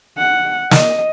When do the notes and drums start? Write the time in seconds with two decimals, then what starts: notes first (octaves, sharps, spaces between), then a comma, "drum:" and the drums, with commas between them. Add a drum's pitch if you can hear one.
0.18 F#5
0.71 D#5, drum: snare